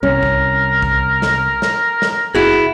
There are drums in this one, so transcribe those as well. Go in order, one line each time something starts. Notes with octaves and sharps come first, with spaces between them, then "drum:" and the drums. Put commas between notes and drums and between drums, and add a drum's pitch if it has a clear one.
C2 C#4 A#4
drum: kick A#1
drum: kick A#1
drum: snare
drum: snare
drum: snare
F#1 E4 F#4 G#4